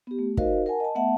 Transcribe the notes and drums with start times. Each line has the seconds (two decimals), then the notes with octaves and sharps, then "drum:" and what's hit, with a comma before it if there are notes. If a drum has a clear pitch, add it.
0.07 B3 G4
0.19 A3
0.37 D#4 F#4 A#4 C5 D#5 F5, drum: kick
0.66 A#4 F#5 G#5 A5
0.80 D#5 A5
0.95 A3 B3 E5 F#5 A5